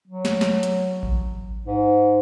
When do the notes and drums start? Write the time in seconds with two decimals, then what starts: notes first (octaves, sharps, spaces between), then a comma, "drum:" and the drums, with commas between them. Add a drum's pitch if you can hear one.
0.08 F#3
0.25 drum: snare
0.41 drum: snare
0.63 drum: hi-hat
1.03 drum: kick A1
1.66 G#2